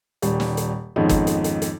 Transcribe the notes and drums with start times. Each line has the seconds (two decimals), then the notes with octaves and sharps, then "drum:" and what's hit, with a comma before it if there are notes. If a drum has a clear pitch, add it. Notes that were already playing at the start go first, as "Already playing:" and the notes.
0.22 D#1 G3, drum: hi-hat
0.40 drum: snare
0.57 drum: hi-hat
0.96 F2 G#2 D#3 B3 C#4 D#4
1.09 drum: kick, hi-hat
1.27 drum: hi-hat
1.44 drum: hi-hat
1.62 drum: hi-hat